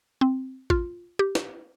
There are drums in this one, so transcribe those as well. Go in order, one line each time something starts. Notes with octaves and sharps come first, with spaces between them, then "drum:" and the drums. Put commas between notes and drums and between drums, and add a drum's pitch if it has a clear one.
C4
F4, drum: kick A1
G4
drum: snare